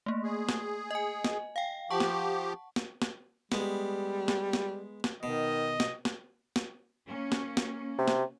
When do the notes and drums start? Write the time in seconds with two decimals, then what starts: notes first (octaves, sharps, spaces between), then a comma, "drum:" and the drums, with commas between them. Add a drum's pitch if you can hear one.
0.06 A3 A#3
0.23 G#4
0.49 drum: snare
0.91 D#5 G#5
1.24 drum: snare
1.56 F5 G5
1.90 F3 G4 F#5 A5 C#6
2.00 drum: snare
2.76 drum: snare
3.02 drum: snare
3.52 G3 G#3 B3, drum: snare
4.28 drum: snare
4.53 drum: snare
5.04 drum: snare
5.23 B2 D#3 D#5
5.80 drum: snare
6.05 drum: snare
6.56 drum: snare
7.07 A#3 C#4
7.32 drum: snare
7.57 drum: snare
7.98 C3
8.08 drum: snare